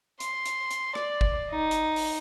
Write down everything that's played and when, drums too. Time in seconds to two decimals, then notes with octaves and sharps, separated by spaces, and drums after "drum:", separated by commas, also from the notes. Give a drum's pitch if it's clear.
0.20 C6, drum: hi-hat
0.45 drum: hi-hat
0.71 drum: hi-hat
0.95 D5, drum: rim click
1.21 drum: kick G1
1.50 D#4
1.71 drum: hi-hat
1.96 drum: open hi-hat